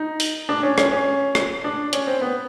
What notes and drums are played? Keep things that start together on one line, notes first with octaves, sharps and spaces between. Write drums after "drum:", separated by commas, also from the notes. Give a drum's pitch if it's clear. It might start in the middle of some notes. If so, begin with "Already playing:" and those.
Already playing: D#4
drum: open hi-hat
D4
C#4
C#4, drum: rim click
C#4
drum: rim click
D4
C#4, drum: hi-hat
C4
B3